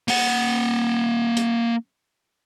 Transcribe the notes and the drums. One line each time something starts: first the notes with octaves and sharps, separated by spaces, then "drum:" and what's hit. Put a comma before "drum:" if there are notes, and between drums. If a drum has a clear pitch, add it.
A#3 F#5, drum: open hi-hat
drum: hi-hat